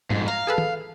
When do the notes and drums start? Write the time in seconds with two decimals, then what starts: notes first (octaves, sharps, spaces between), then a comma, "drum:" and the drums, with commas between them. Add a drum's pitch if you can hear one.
0.10 F2 G#2, drum: tom G#2
0.28 F5 A#5
0.47 G#4 A4 B4
0.58 drum: tom